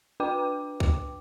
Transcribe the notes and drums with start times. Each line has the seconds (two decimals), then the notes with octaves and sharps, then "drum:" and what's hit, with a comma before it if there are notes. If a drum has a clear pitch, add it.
0.20 D4 B4 G5 D6
0.80 drum: kick C2